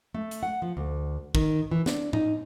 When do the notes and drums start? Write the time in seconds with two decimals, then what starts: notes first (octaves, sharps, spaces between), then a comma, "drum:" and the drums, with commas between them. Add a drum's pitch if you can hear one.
0.14 A3
0.31 drum: hi-hat
0.43 F#5
0.62 F3
0.77 D2
1.35 D#3, drum: kick
1.71 E3
1.86 D4, drum: snare
2.13 D#4, drum: tom A2